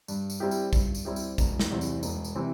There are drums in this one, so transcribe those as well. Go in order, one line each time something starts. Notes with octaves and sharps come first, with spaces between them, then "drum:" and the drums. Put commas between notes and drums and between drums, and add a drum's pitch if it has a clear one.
G2, drum: tambourine
drum: tambourine
G3 C4 E4 G4
drum: tambourine
G2, drum: kick, tambourine
drum: tambourine
G3 C4 E4 G4
drum: tambourine
E1, drum: kick, tambourine
drum: snare
E2 C3 E3 C4
drum: tambourine
E1, drum: tambourine
drum: tambourine
C3 E3 C4